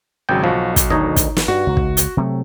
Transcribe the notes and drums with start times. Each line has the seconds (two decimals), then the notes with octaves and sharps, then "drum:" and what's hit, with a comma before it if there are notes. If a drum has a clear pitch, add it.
0.29 G#1 C#3 F#3 G5
0.44 B1 F3 F#4
0.76 drum: kick, hi-hat
0.90 D2 D#3 D#4 C#5 D#5
1.16 drum: kick, hi-hat
1.37 drum: snare
1.48 G2 F#4
1.67 C#2
1.77 drum: kick
1.97 drum: hi-hat
2.17 C3 F#3 A3